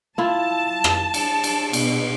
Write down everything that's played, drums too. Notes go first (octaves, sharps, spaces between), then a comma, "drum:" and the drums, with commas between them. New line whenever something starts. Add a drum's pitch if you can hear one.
E4 F4 A5
drum: rim click
drum: cymbal
drum: cymbal
B2, drum: cymbal